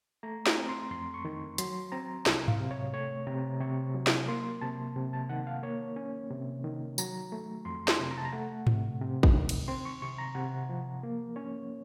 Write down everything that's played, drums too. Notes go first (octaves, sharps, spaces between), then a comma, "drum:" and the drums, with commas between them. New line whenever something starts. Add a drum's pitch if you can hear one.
A3 A#5
A#5, drum: snare
C4
C6
F2 C6
C#6
D#3
F#3 C6, drum: hi-hat
C4 A#5
C2, drum: snare
F5, drum: tom G#2
C3
C#5
A3 C#5
C3 A#5
C3 C#6
F#3
drum: snare
A#3 C6
C3 A5
C3
A5
D#3 F#5
F5
A#3 C#5
C#4
C3
D#3
F#3 A#5, drum: tambourine
A3
F2 C6
C6, drum: snare
C3
A#5
A5
A#5
A3 F#5
C3, drum: tom G#2
C3
drum: kick
D#3
drum: cymbal
C4 C6
C#6
C3 C#6
A#5
C3 F#5
F3
A#3
C#4 C#5